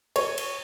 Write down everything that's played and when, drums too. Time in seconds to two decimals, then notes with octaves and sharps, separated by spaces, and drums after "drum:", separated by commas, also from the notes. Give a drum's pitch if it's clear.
0.16 C#5, drum: cymbal
0.38 drum: cymbal